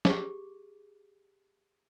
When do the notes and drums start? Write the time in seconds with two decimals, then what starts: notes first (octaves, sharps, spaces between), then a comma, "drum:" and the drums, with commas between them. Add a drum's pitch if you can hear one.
0.05 G4 G#4 D6, drum: snare